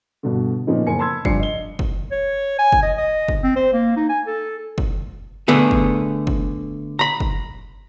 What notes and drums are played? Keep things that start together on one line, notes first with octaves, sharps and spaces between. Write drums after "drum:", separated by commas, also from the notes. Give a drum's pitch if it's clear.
G2 B2 D3
A#2 F3 B3 C#4 D#4
F#1 A#4 G#5 C#7
A5 B5 C6 E6 G#6
G2 F3 D5 G#5 C7 C#7, drum: kick
D#5 G7
drum: kick
C#5
G#5
drum: kick
D#5
D#5
drum: kick
C4
C5
A#3
D#4
G#5
A4
drum: kick
D3 A3 B3 G#4
drum: kick
drum: kick
A#5 B5
drum: kick